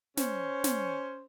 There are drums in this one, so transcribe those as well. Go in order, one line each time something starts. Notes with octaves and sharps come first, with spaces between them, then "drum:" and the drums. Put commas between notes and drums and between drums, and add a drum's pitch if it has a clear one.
C#4 C5, drum: snare
drum: snare